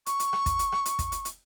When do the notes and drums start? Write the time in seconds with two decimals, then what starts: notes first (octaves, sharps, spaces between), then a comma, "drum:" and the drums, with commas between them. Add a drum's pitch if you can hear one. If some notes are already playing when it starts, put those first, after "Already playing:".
0.06 C#6, drum: hi-hat
0.20 drum: hi-hat
0.33 drum: rim click
0.46 drum: kick, hi-hat
0.59 drum: hi-hat
0.72 drum: rim click
0.85 drum: hi-hat
0.99 drum: kick, hi-hat
1.12 drum: hi-hat
1.25 drum: hi-hat